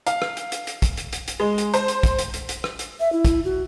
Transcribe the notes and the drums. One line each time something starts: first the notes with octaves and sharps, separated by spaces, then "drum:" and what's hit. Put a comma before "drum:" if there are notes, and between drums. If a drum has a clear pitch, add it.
F5, drum: hi-hat
drum: rim click
drum: hi-hat
drum: hi-hat
drum: hi-hat
drum: kick, hi-hat
drum: hi-hat
drum: hi-hat
drum: hi-hat
G#3
drum: hi-hat
C5, drum: hi-hat
drum: hi-hat
drum: kick, hi-hat
drum: hi-hat
drum: hi-hat
drum: hi-hat
drum: rim click
drum: hi-hat
E5
E4
drum: kick, hi-hat
F#4